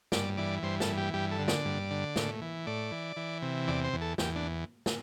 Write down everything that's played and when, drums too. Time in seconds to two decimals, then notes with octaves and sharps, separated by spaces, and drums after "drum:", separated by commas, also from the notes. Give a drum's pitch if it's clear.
0.12 G2 D5, drum: snare
0.37 E3 D5
0.63 G2 C5
0.80 A4, drum: snare
0.89 E3
0.97 G4
1.14 G2 G4
1.31 A4
1.39 D3
1.48 D5, drum: snare
1.65 G2
1.91 D3
2.16 A2, drum: snare
2.41 E3
2.67 A2 D5
2.91 E3
3.16 E3
3.42 C3
3.68 E2 D5
3.84 C5
3.93 E2
4.01 A4
4.18 E2 G4, drum: snare
4.36 D4
4.86 drum: snare